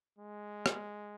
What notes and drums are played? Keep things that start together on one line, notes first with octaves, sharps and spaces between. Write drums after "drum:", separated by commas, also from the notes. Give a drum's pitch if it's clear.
G#3
drum: rim click